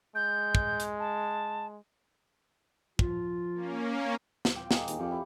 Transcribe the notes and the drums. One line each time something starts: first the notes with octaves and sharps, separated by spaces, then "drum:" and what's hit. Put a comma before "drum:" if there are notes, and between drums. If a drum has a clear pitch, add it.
G#3 G6
drum: kick
drum: hi-hat
A5
F3 F4, drum: kick
A#3 C#4
drum: snare
F4 G5 D6
G#3 A#3, drum: snare
D#2, drum: hi-hat
F2 G4 C#5 F5
E4